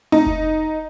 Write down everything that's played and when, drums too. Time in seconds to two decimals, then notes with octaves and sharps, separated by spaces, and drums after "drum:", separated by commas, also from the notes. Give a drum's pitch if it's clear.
0.12 D#4, drum: tom A3
0.26 drum: kick F1